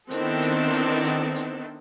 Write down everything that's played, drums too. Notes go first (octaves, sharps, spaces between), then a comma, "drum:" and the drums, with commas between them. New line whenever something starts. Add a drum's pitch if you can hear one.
D#3 B3 C4 D4 E4 A4, drum: hi-hat
drum: hi-hat
drum: hi-hat
drum: hi-hat
drum: hi-hat